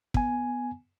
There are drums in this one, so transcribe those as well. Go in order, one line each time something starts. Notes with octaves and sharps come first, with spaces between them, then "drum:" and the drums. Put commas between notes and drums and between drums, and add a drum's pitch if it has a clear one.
B3 G#5, drum: kick